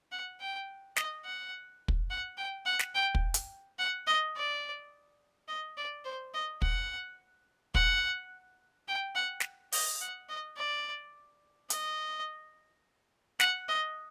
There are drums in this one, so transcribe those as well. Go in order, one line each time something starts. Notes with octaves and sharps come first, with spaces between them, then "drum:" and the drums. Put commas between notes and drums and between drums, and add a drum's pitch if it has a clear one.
F#5
G5
D#5, drum: snare
F#5
drum: kick
F#5
G5
F#5
drum: snare
G5
drum: kick
drum: hi-hat
F#5
D#5
D5
D#5
D5
C5
D#5
F#5, drum: kick
F#5, drum: kick
G5
F#5
drum: snare
D#5, drum: open hi-hat
F#5
D#5
D5
D#5, drum: hi-hat
F#5, drum: snare
D#5